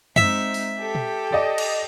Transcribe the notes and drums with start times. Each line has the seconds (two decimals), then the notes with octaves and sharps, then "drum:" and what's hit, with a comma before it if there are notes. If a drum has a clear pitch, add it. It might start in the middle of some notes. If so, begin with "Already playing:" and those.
0.16 G#3 C4 D#4 E5, drum: tom F#2
0.54 drum: open hi-hat
0.80 G4 A4 G5
0.95 drum: tom
1.32 D5 D#5
1.58 drum: cymbal